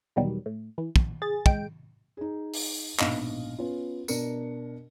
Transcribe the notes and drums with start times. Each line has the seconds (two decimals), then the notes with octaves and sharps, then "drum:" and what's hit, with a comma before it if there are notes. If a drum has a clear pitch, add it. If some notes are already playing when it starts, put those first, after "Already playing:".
0.16 E2 B2 D#3 F#3 G3
0.46 A2
0.78 E3
0.96 A#1, drum: kick
1.22 G#4 A6
1.46 G#3 G5 D7, drum: kick
2.17 D#4 G#4
2.54 drum: open hi-hat
2.99 A#1 G#2 B2 D#5 F5, drum: clap
3.58 B3 C#4 F4
4.08 B2 D4 A#4 C#7, drum: tambourine